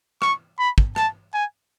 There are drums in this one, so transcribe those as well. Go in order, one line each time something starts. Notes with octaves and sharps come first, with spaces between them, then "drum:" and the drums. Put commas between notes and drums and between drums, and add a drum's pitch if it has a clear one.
C#6, drum: rim click
B5
drum: kick
A5, drum: rim click
G#5